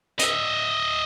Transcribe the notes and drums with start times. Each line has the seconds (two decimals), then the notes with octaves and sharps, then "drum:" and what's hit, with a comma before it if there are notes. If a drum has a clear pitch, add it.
0.19 D#5 E5, drum: hi-hat